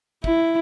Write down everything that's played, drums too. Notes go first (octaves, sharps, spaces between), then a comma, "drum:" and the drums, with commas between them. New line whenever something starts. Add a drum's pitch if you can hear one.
E4, drum: kick